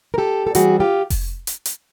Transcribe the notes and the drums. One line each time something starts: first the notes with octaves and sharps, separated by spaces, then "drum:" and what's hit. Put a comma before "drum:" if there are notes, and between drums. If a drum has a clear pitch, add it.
A#4
G4 A4
A4
E3 G3 C4 F#4 G#4, drum: hi-hat
F4 G4
drum: kick F1, open hi-hat
drum: hi-hat
drum: hi-hat